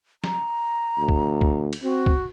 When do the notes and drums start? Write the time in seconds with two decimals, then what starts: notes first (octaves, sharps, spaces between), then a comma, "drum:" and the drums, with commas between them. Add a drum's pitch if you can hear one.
0.24 A#5, drum: snare
0.99 D2
1.09 drum: kick
1.41 drum: kick
1.73 drum: cymbal
1.83 C4 F#4
2.06 drum: kick